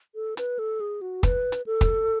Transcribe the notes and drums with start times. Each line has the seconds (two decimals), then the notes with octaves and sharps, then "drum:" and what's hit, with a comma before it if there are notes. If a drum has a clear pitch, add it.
0.15 A4
0.37 B4, drum: hi-hat
0.59 A4
0.80 G#4
1.01 F#4
1.23 B4, drum: kick, hi-hat
1.52 drum: hi-hat
1.66 A4
1.81 drum: kick, hi-hat